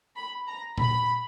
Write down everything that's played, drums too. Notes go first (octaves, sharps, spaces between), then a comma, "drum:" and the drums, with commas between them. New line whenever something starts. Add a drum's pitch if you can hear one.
B5
A#5
B5, drum: tom A#2